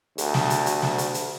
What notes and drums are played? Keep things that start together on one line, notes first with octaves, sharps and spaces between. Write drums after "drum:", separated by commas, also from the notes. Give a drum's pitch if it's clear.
D2, drum: hi-hat
drum: snare
drum: hi-hat
drum: hi-hat
drum: snare
drum: hi-hat
drum: hi-hat